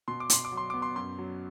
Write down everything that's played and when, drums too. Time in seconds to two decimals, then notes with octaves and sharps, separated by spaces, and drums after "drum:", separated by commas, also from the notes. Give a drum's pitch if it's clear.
0.08 B2 C6
0.20 D6
0.30 B2 C6, drum: hi-hat
0.45 D6
0.52 F#3
0.57 C6
0.70 B3 D6
0.82 C6
0.96 F#2 C6
1.18 F#3